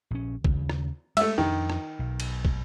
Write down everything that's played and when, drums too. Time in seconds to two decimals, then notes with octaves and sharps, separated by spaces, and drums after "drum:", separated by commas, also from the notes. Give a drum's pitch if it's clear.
0.11 A#1 C#4
0.44 D#2 C#3, drum: kick
0.70 drum: rim click
1.17 G#3 A3 E5, drum: cymbal
1.38 F2 D#3 D4
1.70 drum: rim click
1.99 B1
2.20 drum: cymbal
2.45 drum: kick